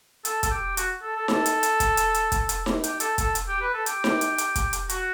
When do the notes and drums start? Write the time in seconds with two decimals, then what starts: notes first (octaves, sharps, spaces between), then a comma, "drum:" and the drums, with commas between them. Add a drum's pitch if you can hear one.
0.25 A4, drum: hi-hat
0.43 A4, drum: kick, hi-hat
0.51 G4
0.77 F#4, drum: hi-hat
1.02 A4
1.16 A4
1.28 A4, drum: snare D#4
1.46 drum: hi-hat
1.63 drum: hi-hat
1.80 drum: kick, hi-hat
1.97 drum: hi-hat
2.14 drum: hi-hat
2.32 drum: kick, hi-hat
2.49 drum: hi-hat
2.66 drum: snare D#4
2.84 G4, drum: hi-hat
3.00 A4, drum: hi-hat
3.18 A4, drum: kick, hi-hat
3.35 drum: hi-hat
3.48 G4
3.61 B4
3.74 A4
3.86 G4, drum: hi-hat
4.04 drum: snare D#4
4.21 drum: hi-hat
4.38 drum: hi-hat
4.56 drum: kick, hi-hat
4.73 drum: hi-hat
4.89 F#4, drum: hi-hat